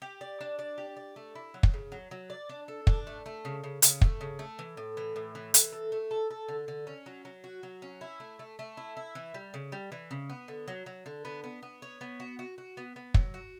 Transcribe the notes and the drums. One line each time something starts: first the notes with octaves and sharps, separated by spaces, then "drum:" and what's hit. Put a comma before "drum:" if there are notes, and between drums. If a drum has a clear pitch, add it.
G4
D5
D4
D5
G4
D5
A3
E4
F#3
drum: kick
C#3
F#3
F#3
D5
D4
A4
D4, drum: kick
A3
A3
C#3
C#3
C#3, drum: hi-hat
A3, drum: kick
C#3
A3
E3
A2
E3
A2
E3
E3, drum: hi-hat
A4
A3
A4
A4
D3
D3
C#4
F#3
F#3
F#4
F#3
C#4
E4
A3
A3
A3
E4
E4
E3
G3
C#3
G3
E3
C#3
B3
D3
F#3
F#3
D3
B3
B3
B3
C#5
B3
F#4
F#4
F#4
B3
B3
F#3, drum: kick
F#4